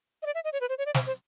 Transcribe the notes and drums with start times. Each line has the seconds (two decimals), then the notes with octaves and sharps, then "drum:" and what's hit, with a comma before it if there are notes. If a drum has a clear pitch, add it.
0.22 D#5
0.26 D5
0.35 E5
0.44 D#5
0.53 C#5
0.61 B4
0.69 C5
0.78 C#5
0.86 D5
0.94 C5, drum: snare
1.06 C5